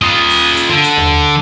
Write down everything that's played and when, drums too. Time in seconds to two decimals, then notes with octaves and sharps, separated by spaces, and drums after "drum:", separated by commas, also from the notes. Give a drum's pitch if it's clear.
0.02 F4 D#5
0.30 drum: open hi-hat
0.57 drum: hi-hat
0.70 D3
0.84 drum: hi-hat
0.97 drum: tom D#2